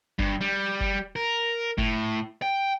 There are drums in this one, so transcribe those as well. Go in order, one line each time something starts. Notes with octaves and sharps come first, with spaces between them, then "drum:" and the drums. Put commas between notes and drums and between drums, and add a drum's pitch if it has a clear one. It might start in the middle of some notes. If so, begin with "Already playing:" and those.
G2, drum: kick
G3
drum: kick
A#4
A2, drum: kick
G5